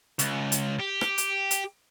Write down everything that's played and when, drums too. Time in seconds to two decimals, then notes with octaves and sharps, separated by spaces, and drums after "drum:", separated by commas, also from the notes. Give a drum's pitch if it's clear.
0.19 C#2, drum: hi-hat
0.52 drum: hi-hat
0.80 G4
1.01 drum: rim click
1.18 drum: hi-hat
1.51 drum: hi-hat